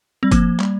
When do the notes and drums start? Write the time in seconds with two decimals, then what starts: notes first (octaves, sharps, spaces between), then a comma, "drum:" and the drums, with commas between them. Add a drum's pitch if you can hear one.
0.23 G3 C4
0.32 F3 A#3, drum: kick F#1, hi-hat
0.60 G3, drum: clap